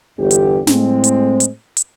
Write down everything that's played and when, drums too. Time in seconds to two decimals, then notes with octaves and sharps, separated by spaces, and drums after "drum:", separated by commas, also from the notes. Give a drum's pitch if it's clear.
0.18 G1 E2 G4
0.31 drum: hi-hat
0.67 A2 G#3 C4, drum: snare
1.04 drum: hi-hat
1.40 drum: hi-hat
1.77 drum: hi-hat